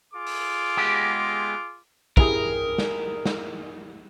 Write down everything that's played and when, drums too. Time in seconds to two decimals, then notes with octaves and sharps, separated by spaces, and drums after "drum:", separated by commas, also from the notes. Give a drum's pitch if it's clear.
0.14 F4 G#4 D6
0.27 drum: open hi-hat
0.77 G#3 B3 G4
2.17 E4 G4 G#4 A#4, drum: kick
2.78 drum: snare
3.26 drum: snare